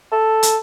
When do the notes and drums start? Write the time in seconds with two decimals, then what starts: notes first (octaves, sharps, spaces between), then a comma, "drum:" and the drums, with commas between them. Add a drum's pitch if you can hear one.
0.12 A4
0.43 drum: hi-hat